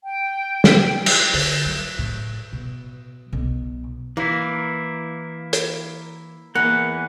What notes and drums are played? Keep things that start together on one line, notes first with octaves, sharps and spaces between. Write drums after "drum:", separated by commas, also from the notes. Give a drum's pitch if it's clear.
G5
drum: snare
drum: cymbal
D3, drum: open hi-hat
F#3
A2
B2
B1
E3 A#3 E4
drum: hi-hat
E2 E3 A#3 F#5